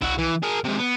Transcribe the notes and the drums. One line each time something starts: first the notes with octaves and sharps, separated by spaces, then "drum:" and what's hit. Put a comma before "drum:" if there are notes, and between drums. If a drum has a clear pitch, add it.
E4 F#4, drum: tom C2
E3
G#4 A#4
G#2 C3
B3